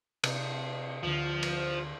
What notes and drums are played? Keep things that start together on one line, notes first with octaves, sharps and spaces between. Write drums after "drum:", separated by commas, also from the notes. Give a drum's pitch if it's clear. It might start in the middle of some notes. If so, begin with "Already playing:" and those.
C3, drum: cymbal
D2 D3 F3
drum: cymbal